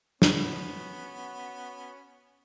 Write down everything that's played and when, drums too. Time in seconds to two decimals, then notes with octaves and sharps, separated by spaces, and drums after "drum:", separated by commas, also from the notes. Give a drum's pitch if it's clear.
0.22 B3 C#4 F#4, drum: snare